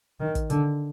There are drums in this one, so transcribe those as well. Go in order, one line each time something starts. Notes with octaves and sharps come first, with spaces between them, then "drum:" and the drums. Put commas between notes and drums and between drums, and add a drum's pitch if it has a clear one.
D#3
drum: kick, hi-hat
D3, drum: hi-hat